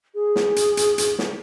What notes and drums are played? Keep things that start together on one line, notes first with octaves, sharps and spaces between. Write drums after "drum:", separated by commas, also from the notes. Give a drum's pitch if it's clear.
G#4
drum: snare
drum: hi-hat
drum: hi-hat
drum: hi-hat
drum: snare